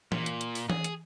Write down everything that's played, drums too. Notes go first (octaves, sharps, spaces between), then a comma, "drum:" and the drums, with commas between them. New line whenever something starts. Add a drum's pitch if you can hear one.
A#2, drum: tom E3
drum: hi-hat
drum: hi-hat
drum: open hi-hat
G#4, drum: tom E3
drum: hi-hat